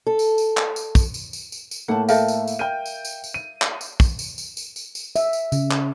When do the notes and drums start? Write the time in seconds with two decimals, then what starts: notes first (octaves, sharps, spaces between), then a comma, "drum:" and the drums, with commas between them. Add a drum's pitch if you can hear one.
0.07 A4
0.19 drum: tambourine
0.38 drum: tambourine
0.57 drum: clap
0.76 drum: tambourine
0.95 drum: kick, tambourine
1.14 drum: tambourine
1.33 drum: tambourine
1.52 drum: tambourine
1.71 drum: tambourine
1.88 A2 A3 A#3 F#5 A5
2.09 A4 A#4 E5 F5 G5, drum: tambourine
2.28 drum: tambourine
2.47 drum: tambourine
2.59 A#4 G5 G6 D#7
2.86 drum: tambourine
3.05 drum: tambourine
3.24 drum: tambourine
3.34 D#7
3.62 drum: clap
3.81 drum: tambourine
4.00 drum: kick, tambourine
4.19 drum: tambourine
4.38 drum: tambourine
4.57 drum: tambourine
4.76 drum: tambourine
4.95 drum: tambourine
5.16 E5, drum: tambourine
5.33 drum: tambourine
5.52 C#3, drum: tambourine
5.71 drum: clap